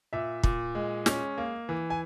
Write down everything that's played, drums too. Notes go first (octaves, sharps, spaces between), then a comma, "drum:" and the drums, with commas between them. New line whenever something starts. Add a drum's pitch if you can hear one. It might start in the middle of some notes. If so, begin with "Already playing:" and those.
A#2 E5
A#2, drum: kick
G#3
C#4, drum: snare
A#3
E3
G#5